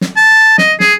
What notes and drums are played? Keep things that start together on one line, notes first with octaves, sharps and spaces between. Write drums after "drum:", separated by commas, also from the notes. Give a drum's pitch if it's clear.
drum: snare
A5
D#5, drum: snare
G#4, drum: snare